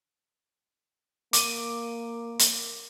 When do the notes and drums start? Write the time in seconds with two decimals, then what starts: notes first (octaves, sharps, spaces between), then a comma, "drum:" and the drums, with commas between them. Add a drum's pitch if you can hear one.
1.33 A#3 D6 D#7, drum: hi-hat
2.39 drum: hi-hat